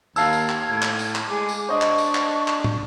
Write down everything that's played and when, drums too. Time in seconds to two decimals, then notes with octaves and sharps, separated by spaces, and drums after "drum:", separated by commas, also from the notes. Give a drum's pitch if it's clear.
0.16 D#2 F5 A5 E6 G#6, drum: tambourine
0.33 drum: tambourine
0.49 drum: clap
0.69 A2
0.82 drum: clap
0.99 drum: tambourine
1.15 drum: clap
1.28 G#3 D6
1.49 drum: tambourine
1.69 D4 C5 D#5 C#6
1.82 drum: clap
1.98 drum: tambourine
2.15 drum: clap
2.48 drum: clap
2.64 drum: tom